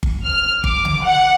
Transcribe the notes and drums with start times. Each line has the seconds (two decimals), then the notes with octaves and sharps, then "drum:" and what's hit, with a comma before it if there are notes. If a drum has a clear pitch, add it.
0.03 drum: kick G1
0.25 F6
0.64 D6, drum: kick G1
0.85 drum: tom C#3
1.02 F#5